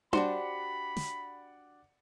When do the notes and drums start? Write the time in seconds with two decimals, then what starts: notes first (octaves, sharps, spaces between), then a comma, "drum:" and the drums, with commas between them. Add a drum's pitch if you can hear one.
0.13 D4 F#4 G4 C5 D5 F#5 B5 C#7, drum: tom D4
0.97 drum: snare